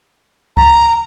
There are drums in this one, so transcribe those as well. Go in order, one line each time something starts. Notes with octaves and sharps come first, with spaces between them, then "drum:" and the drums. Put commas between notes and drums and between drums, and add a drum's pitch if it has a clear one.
A#5, drum: kick C#2